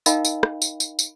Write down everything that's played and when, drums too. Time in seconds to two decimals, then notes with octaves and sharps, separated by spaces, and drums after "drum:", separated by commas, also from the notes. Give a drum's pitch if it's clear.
0.06 D#4 A#4 D#5 F5 G5 B5, drum: tambourine
0.25 drum: tambourine
0.43 drum: rim click
0.62 drum: tambourine
0.80 drum: tambourine
0.99 drum: tambourine